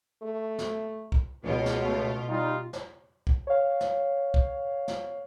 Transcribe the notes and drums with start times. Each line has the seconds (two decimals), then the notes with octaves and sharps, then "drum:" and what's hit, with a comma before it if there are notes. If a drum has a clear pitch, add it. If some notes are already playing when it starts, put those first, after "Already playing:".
0.23 A3
0.58 drum: snare
1.12 drum: kick
1.44 C#2 B2 F4
1.66 drum: snare
1.81 A3
2.28 G3 D#4 F4
2.73 drum: snare
3.27 drum: kick
3.47 C#5 F5
3.80 drum: snare
4.34 drum: kick
4.88 drum: snare